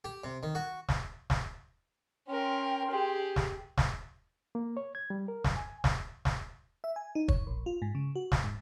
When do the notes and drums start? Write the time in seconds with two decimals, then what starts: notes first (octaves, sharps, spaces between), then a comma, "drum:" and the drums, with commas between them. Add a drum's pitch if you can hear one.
0.05 G4
0.24 C3
0.43 D#3
0.55 F#4
0.89 drum: snare
1.30 drum: snare
2.28 C#4 A#4 G5 C6
2.91 G4 G#4
3.36 drum: snare
3.78 drum: snare
4.55 A#3
4.77 C#5
4.95 G#6
5.10 G3
5.28 A#4
5.44 F#2, drum: snare
5.57 G#5
5.84 drum: snare
6.25 drum: snare
6.84 E5
6.96 G#5
7.15 D#4
7.28 C#5, drum: kick
7.47 A#1
7.66 F4
7.82 G#2
7.95 C#3
8.15 F#4
8.32 drum: snare
8.44 G#2